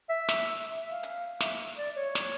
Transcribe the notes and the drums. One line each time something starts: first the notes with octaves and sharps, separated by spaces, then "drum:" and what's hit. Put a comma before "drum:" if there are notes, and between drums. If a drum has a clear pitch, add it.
E5
drum: snare
E5
F5
drum: hi-hat
E5, drum: snare
D5
C#5
drum: snare